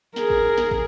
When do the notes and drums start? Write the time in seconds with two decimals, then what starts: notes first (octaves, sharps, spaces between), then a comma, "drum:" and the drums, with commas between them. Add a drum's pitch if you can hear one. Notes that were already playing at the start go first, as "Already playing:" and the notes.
0.16 G#4 A#4, drum: snare
0.30 drum: kick
0.58 drum: snare
0.71 drum: kick